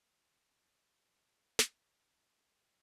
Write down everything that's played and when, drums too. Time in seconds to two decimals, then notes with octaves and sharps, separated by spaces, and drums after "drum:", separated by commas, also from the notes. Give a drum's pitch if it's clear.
0.33 D#3
0.45 C#3
1.59 drum: snare
2.29 C#3
2.52 D#3